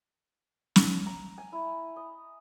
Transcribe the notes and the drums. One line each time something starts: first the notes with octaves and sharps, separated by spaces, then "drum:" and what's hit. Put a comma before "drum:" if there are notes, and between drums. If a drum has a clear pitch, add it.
drum: snare
A#5
G#5
E4
D#5